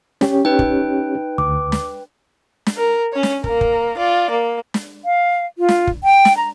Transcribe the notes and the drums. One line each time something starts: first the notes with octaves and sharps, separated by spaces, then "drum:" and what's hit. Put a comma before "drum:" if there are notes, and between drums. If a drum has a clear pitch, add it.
C#4 G4 C#5, drum: snare
D#4 B4 G5
drum: kick
D2 D6
drum: snare
drum: snare
A#4
C#4 C#5
drum: snare
A#3 A#4, drum: kick
drum: kick
F4 D5
A#3
drum: snare
F5
F4
drum: snare
drum: kick
G5
drum: snare
A#5